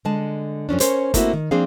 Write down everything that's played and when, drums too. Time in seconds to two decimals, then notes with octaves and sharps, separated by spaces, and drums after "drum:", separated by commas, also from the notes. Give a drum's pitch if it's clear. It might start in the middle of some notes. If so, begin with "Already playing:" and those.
0.05 D3 G#3 A5
0.69 F#2 F3 C#4 D4
0.80 C#4 A#4 C5 C#5, drum: hi-hat
1.14 A3 A#3 C4 E4 F#4 E5, drum: kick G1, hi-hat
1.33 D#3
1.51 F3 A#3 C4 D4 G#4 F5